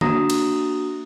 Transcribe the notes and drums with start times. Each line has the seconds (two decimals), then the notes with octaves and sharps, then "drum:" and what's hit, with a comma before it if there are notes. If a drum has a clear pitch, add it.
0.01 A#3 D4 F#4 A#5 D#6 A#6, drum: tom
0.30 drum: cymbal